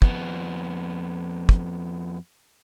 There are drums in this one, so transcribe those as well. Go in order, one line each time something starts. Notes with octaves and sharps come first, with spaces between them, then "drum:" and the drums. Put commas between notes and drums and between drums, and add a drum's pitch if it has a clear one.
F2 B3, drum: kick
drum: kick